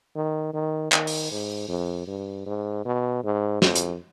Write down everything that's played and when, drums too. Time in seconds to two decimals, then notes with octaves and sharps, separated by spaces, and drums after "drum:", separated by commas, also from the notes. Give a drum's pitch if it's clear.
0.15 D#3
0.54 D#3
0.92 D#3, drum: clap
1.07 drum: open hi-hat
1.31 G#2
1.69 F2
2.08 G2
2.46 G#2
2.85 B2
3.24 G#2
3.62 F2, drum: snare
3.75 drum: hi-hat